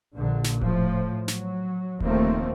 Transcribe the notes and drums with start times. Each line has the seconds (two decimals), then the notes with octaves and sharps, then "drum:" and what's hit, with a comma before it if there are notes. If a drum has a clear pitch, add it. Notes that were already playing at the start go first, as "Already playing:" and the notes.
0.15 A#1 A#2 D3
0.44 drum: snare
0.61 A2 F3, drum: kick D#1
1.28 F#3, drum: snare
2.00 D#2 D#3 F3 A3 A#3 C4, drum: kick D#1